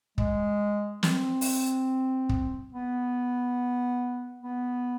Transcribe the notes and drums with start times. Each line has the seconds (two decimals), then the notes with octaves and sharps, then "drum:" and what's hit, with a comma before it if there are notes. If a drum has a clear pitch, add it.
0.18 G#3, drum: kick
1.03 C4, drum: snare
1.41 drum: open hi-hat
2.29 drum: kick
2.73 B3
4.43 B3